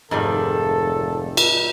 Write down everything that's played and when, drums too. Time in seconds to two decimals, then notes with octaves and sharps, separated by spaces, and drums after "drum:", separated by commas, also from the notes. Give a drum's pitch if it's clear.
0.11 F1 F2 G#2 D#3 G3 A4
1.37 drum: cymbal